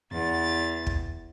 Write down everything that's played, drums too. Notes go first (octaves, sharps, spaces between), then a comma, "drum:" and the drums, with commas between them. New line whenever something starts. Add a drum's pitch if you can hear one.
E2 A6
drum: kick